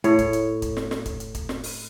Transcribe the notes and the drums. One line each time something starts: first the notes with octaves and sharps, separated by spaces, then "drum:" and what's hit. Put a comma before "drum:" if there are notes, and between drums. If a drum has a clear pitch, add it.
A2 C#5, drum: hi-hat
drum: kick, hi-hat
drum: hi-hat
drum: kick, hi-hat
drum: snare
drum: snare
drum: kick, hi-hat
drum: hi-hat
drum: kick, hi-hat
drum: snare
drum: open hi-hat